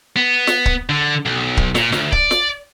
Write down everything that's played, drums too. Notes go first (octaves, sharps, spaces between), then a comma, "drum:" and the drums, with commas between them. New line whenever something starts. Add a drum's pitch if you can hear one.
B3
drum: snare
drum: kick C#1
D3
B1
drum: kick C#1
A#2, drum: snare
D2, drum: snare
D5, drum: kick C#1
drum: snare